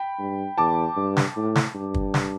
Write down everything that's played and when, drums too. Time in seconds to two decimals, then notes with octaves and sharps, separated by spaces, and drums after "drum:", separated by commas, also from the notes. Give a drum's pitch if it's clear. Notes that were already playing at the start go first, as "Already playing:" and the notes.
Already playing: G5 B5
0.19 G2
0.58 E2 A5 D6
0.97 G2
1.17 drum: snare
1.37 A2
1.55 drum: snare
1.75 G2
1.94 drum: kick
2.14 drum: snare